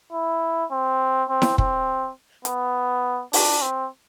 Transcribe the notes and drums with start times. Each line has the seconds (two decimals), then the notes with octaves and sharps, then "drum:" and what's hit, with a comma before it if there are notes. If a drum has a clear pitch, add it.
0.13 E4
0.72 C4
1.29 C4
1.42 drum: snare E4
1.58 C4, drum: kick
2.45 B3, drum: hi-hat
3.33 D4, drum: open hi-hat
3.62 C4